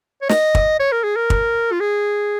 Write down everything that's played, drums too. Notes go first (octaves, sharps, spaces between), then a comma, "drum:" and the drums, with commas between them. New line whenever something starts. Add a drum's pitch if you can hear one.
C#5
D#5, drum: snare
drum: kick
C#5
A#4
G#4
A#4
drum: kick
F4
G#4